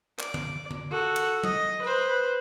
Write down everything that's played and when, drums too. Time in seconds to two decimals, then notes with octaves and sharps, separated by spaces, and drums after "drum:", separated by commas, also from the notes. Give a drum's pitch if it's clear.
0.19 D5, drum: clap
0.34 drum: tom D3
0.71 drum: tom D3
0.91 F#4 A4
1.16 drum: cymbal
1.44 D#5, drum: tom
1.83 B4 C5